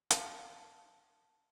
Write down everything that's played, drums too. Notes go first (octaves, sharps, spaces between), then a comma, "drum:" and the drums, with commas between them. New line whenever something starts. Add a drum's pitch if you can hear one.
F5 A5, drum: hi-hat